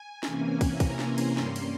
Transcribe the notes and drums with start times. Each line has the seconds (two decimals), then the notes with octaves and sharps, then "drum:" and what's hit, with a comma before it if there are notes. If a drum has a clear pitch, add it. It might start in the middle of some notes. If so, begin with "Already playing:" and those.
Already playing: G#5
0.23 C3 E3 A#3 C#4, drum: snare
0.61 drum: kick, cymbal
0.80 A#5, drum: kick, cymbal
0.99 drum: snare
1.08 C6
1.18 drum: cymbal
1.37 G2 G3 A#3 C#4, drum: snare
1.56 drum: cymbal